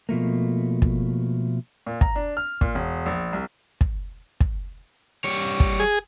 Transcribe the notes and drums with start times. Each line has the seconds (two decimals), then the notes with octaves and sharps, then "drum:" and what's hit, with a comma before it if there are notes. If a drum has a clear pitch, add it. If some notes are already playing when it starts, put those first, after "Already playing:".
0.09 B2 F3 A3 A#3
0.82 drum: kick
1.87 A#2
2.01 A#5, drum: kick
2.16 D4
2.37 F6
2.61 A#2, drum: kick
2.75 E1
3.06 A#1
3.33 C2
3.81 drum: kick
4.41 drum: kick
5.24 G3 C#5
5.60 drum: kick
5.80 G#4